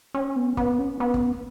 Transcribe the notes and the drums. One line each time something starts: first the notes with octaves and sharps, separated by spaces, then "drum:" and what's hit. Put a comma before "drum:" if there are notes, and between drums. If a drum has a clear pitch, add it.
C#4
B3
B3, drum: kick
C#4
B3
drum: kick